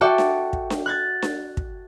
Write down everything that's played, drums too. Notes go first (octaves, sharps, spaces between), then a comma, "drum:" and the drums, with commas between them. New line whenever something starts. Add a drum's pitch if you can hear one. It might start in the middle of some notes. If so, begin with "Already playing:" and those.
F#4 A4 D5 E5 G5
drum: snare D4
drum: kick
drum: snare D4
F#6 G#6 A6
drum: snare D4
drum: kick